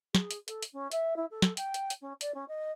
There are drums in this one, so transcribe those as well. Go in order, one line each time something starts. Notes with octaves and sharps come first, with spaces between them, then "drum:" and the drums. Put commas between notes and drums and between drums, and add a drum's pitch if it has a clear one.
G#4, drum: snare
drum: hi-hat
A4, drum: hi-hat
drum: hi-hat
C#4
E5, drum: hi-hat
E4
A4
drum: snare
G5, drum: hi-hat
drum: hi-hat
drum: hi-hat
C#4
D5, drum: hi-hat
C#4
D#5